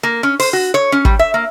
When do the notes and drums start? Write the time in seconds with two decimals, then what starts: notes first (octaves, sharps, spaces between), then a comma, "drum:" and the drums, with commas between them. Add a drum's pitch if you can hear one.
0.03 A#3
0.23 C#4
0.40 C5, drum: open hi-hat
0.53 F#4
0.74 C#5
0.92 C#4
1.05 G3, drum: kick
1.19 E5
1.34 A#3